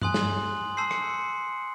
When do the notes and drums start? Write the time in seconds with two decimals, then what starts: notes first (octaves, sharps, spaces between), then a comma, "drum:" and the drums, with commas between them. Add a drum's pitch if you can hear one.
0.01 G#5 C6 D#6 F#6 F#7, drum: tom G2
0.14 F#7, drum: snare
0.27 F#7
0.77 A5 C6 E6 G6 C7
0.91 C#7, drum: rim click